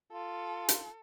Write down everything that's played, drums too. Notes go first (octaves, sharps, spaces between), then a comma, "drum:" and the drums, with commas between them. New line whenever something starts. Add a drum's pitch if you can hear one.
F4 A4
drum: hi-hat